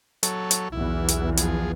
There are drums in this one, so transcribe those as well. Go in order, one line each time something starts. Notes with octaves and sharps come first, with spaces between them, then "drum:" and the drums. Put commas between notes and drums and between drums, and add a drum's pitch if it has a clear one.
F#3 A4 C#5, drum: hi-hat
drum: hi-hat
B1 E2 E3 E4
drum: hi-hat
F3 G#4, drum: hi-hat